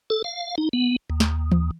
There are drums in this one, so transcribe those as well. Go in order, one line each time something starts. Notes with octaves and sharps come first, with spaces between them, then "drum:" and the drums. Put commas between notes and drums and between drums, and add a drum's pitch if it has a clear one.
A4
F5
D#4
B3
D#2
drum: snare
drum: tom E3